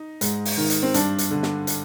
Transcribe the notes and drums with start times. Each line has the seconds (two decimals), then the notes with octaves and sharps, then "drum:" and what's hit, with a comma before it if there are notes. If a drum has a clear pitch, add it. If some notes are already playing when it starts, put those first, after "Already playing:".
Already playing: D#4
0.21 G#2, drum: hi-hat
0.45 drum: open hi-hat
0.57 D#3
0.70 drum: hi-hat
0.83 C4
0.94 G2 D4, drum: hi-hat
1.18 drum: hi-hat
1.31 D3
1.43 drum: snare
1.67 drum: hi-hat